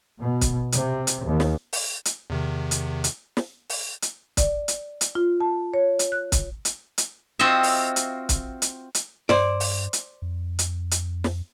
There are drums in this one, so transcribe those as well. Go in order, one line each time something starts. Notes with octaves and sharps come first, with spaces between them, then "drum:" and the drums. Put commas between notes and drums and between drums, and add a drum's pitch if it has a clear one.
B2
drum: kick, hi-hat
C3, drum: hi-hat
drum: hi-hat
D#2
drum: snare
drum: open hi-hat
drum: hi-hat
E2 C3 D#3
drum: hi-hat
drum: hi-hat
drum: snare
drum: open hi-hat
drum: hi-hat
D5, drum: kick, hi-hat
drum: hi-hat
drum: hi-hat
F4
A5
C#5
drum: hi-hat
F#6
drum: kick, hi-hat
drum: hi-hat
drum: hi-hat
C4 F4 F#4 D#5 E5
drum: open hi-hat
drum: hi-hat
drum: kick, hi-hat
drum: hi-hat
drum: hi-hat
G2 C5 D5, drum: snare
drum: open hi-hat
drum: hi-hat
F2
drum: hi-hat
drum: hi-hat
drum: snare